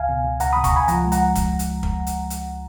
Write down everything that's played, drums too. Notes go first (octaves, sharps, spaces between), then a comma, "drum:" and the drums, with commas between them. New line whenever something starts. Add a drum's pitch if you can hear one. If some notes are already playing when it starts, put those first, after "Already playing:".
Already playing: C#2 F5 G#5
B2
B2
C#2 F#5 A#5, drum: hi-hat
B2 B5 D#6
A#5 C#6, drum: kick, hi-hat
C#2 G#5 B5
F3 F#5 A#5, drum: hi-hat
G#3
F#5 A#5, drum: hi-hat
drum: kick, hi-hat
drum: hi-hat
drum: kick
drum: hi-hat
drum: hi-hat